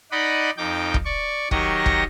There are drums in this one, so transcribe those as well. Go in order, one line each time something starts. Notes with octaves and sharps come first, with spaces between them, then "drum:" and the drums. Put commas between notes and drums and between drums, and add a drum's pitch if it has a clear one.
D#4 D5 D#5 F#5 B5
F2 D#4 G5 D6
drum: kick
D5 C#6
D#3 F#3 G4 D#5 C#6 A#6, drum: kick
drum: kick